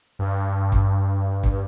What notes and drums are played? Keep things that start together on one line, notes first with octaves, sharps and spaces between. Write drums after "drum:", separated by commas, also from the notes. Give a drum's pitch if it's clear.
G2
drum: kick
drum: kick